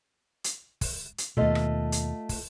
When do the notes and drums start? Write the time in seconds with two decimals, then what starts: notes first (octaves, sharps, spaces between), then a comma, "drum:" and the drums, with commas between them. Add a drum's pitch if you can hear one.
0.44 drum: hi-hat
0.81 drum: kick, open hi-hat
1.18 drum: hi-hat
1.37 D#2 B2 A3 F4 D#5
1.55 drum: rim click
1.92 drum: hi-hat
2.29 drum: kick, open hi-hat